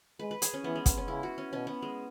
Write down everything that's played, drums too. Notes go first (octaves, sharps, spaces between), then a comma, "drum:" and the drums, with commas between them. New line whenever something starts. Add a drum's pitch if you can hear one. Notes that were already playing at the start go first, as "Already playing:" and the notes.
G#3 B4
B4
G#4, drum: hi-hat
C#4
E3 B3
G#3
B3, drum: kick, hi-hat
C#4
C#3 E4
F#4
C#4
B2 C#4
B3
G#3